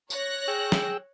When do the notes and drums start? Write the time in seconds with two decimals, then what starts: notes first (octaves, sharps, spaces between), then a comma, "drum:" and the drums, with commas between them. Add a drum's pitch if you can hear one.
0.10 C#5 F#6 A#6, drum: tambourine
0.48 G#4 G5 E6
0.72 drum: snare